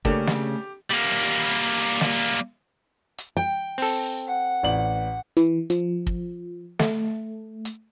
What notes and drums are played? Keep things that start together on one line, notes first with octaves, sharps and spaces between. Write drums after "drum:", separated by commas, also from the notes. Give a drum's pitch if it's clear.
C#3 A3 A#3 D4 G4 A4, drum: kick
drum: snare
G3 A#3
drum: snare
drum: hi-hat
G5
C4 A4, drum: open hi-hat
F#5
A1 D5 F#7
E3, drum: hi-hat
F3, drum: hi-hat
drum: kick
A3, drum: snare
drum: hi-hat